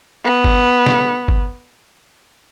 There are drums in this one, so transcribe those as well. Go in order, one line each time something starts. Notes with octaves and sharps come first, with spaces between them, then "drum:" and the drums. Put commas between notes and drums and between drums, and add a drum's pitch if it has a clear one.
B3
drum: kick G1
drum: snare
drum: kick G1